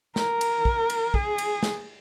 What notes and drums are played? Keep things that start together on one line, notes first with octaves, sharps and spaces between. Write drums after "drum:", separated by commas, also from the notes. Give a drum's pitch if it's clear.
A#4, drum: snare
drum: cymbal
drum: kick
drum: cymbal
G#4, drum: kick
drum: cymbal
drum: snare